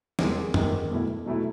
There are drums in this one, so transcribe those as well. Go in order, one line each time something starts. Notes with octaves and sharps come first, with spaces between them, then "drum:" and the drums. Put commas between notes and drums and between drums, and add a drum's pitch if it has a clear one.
E2 D#3 G#3, drum: snare
E2 D#3 G#3, drum: tom F#2
B2 F#3 A3 E4
B2 F#3 A3 E4